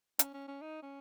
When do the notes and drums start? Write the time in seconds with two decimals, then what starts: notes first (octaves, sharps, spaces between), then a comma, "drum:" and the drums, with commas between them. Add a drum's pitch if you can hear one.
0.19 C#4, drum: hi-hat
0.34 C#4
0.48 C#4
0.61 D#4
0.82 C#4